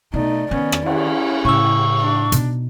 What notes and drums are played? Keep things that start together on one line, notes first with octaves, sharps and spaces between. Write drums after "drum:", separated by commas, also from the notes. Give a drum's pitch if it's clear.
B2 A3 D#4 D5
D#3 B3 C#4
drum: rim click
C#4 E4, drum: cymbal
A2 C#3 C#6 E6
D4
B2 D#4, drum: hi-hat